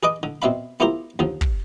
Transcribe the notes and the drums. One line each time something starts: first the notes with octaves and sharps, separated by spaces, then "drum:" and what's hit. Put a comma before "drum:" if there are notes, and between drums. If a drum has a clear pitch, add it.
G#4 B4 D#5 D6 D#6
D3
B2 C4 E5 F5 B5
B3 E4 F4 G4 A#4 C5
D#2 D3 F3
drum: kick